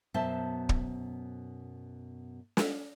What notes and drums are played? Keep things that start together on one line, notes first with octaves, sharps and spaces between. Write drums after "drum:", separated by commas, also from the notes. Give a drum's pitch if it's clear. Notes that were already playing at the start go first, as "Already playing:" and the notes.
F#2 B2 C5 E5 A5
drum: kick
drum: snare